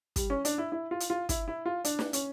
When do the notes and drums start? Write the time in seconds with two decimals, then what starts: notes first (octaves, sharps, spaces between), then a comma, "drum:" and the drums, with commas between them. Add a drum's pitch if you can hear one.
0.16 G3, drum: kick, hi-hat
0.30 C#4
0.45 D4, drum: hi-hat
0.58 E4
0.72 E4
0.91 F4
1.00 drum: hi-hat
1.10 F4
1.29 E4, drum: kick, hi-hat
1.48 E4
1.66 F4
1.85 D4, drum: hi-hat
1.99 drum: snare
2.13 C#4, drum: hi-hat